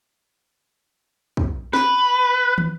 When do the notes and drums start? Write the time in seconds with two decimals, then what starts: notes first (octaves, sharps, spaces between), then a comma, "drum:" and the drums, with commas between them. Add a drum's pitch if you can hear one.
1.37 drum: kick
1.73 B4, drum: snare
2.58 drum: tom